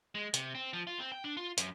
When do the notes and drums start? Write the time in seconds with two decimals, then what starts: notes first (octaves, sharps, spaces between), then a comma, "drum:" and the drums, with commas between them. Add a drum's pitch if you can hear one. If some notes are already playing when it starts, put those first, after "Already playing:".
0.15 G#3
0.34 C3, drum: hi-hat
0.55 C4
0.73 F3
0.87 F4
1.00 C4
1.12 G5
1.24 D4
1.37 F4
1.58 F#2, drum: hi-hat